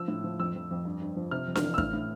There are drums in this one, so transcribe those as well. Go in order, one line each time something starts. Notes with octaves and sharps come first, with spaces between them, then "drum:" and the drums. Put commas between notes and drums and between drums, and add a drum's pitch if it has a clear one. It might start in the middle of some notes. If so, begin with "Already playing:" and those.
Already playing: F3 E6
A2
F3
F2 E6
F2
F2
G2
G2
F3
C3 F6
F2
F6, drum: snare D4
E3
E6
A2 F6, drum: kick
A2